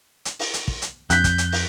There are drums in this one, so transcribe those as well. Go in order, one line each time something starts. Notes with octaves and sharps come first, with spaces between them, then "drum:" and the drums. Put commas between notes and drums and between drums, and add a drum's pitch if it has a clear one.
drum: hi-hat
drum: open hi-hat
drum: hi-hat
drum: kick
drum: hi-hat
F2 F#6 G6 B6, drum: hi-hat
drum: kick, hi-hat
drum: hi-hat
drum: open hi-hat